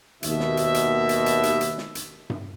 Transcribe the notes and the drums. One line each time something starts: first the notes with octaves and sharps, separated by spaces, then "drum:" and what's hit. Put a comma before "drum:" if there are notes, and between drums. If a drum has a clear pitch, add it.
D#2 B2 E5, drum: hi-hat
drum: snare
drum: hi-hat
drum: hi-hat
drum: hi-hat
drum: hi-hat
drum: hi-hat
drum: hi-hat
drum: snare
drum: hi-hat
drum: tom G2